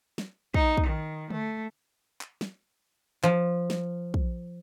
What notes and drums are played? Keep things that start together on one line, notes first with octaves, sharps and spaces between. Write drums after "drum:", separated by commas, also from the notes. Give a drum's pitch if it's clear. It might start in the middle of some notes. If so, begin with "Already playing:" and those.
drum: snare
D#4, drum: kick
drum: kick
D#3
A3, drum: tom D3
drum: clap
drum: snare
F3, drum: clap
drum: snare
drum: kick